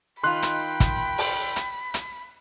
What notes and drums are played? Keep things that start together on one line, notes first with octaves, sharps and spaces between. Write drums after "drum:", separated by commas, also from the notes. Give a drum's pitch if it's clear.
D#3 D#4 F4 G5 B5 C6 F#6
drum: hi-hat
drum: kick, hi-hat
drum: open hi-hat
drum: hi-hat
drum: hi-hat